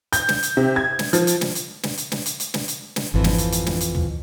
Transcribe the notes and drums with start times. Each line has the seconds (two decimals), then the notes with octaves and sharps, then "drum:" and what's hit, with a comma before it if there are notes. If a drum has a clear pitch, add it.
0.13 G6, drum: hi-hat
0.29 drum: snare
0.43 drum: hi-hat
0.57 C3
0.76 G#6
0.99 drum: snare
1.13 F3, drum: hi-hat
1.27 drum: hi-hat
1.41 drum: snare
1.55 drum: hi-hat
1.83 drum: snare
1.98 drum: hi-hat
2.12 drum: snare
2.26 drum: hi-hat
2.40 drum: hi-hat
2.54 drum: snare
2.68 drum: hi-hat
2.96 drum: snare
3.14 G#1 F2 E3 F3
3.24 drum: snare
3.38 drum: hi-hat
3.52 drum: hi-hat
3.66 drum: snare
3.81 drum: hi-hat
3.95 drum: tom